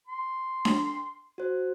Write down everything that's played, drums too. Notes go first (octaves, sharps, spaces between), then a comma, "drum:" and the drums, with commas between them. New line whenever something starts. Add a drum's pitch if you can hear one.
C6
drum: snare D4
F#4 C5